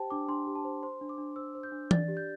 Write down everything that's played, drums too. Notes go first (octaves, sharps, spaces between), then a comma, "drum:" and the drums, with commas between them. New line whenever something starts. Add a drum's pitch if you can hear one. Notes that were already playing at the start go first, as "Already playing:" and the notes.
Already playing: G4 C5 G5 A5
D4 D6
D4 C6
G4
A5
C5
C5 C6
D4
D6
D4
C5 E6
C5
G6
D4
D5 A6, drum: tom E3
G4
G6